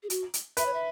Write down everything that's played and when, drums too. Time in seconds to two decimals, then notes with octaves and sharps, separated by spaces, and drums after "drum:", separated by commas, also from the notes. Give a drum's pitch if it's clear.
0.03 G#4
0.10 F#4, drum: hi-hat
0.34 drum: hi-hat
0.57 B4 E5, drum: hi-hat
0.66 C#5
0.74 E5